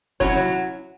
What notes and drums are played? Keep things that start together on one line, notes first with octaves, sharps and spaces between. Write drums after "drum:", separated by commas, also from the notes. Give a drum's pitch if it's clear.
F#3 C#4 E4 C#5, drum: kick F1
drum: snare